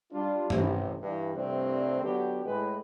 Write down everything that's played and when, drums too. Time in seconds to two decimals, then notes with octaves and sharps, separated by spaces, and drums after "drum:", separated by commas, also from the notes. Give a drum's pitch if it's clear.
0.12 G3 D4 F4
0.50 A1 C3, drum: tom G2
1.01 G2 E3
1.35 C2 G2 C3 G3 A3 C4
2.02 D3 F#3 B3 G4
2.45 A2 G#3 B4